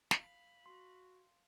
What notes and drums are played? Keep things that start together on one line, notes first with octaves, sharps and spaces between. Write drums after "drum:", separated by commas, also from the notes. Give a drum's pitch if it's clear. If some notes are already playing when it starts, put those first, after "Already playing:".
F5 B5, drum: snare
F#4 C6